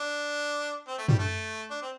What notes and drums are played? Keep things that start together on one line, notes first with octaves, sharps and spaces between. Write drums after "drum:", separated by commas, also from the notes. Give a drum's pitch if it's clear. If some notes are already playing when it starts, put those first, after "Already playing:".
Already playing: D4
C4
A3
G3, drum: tom
A3
D4
C4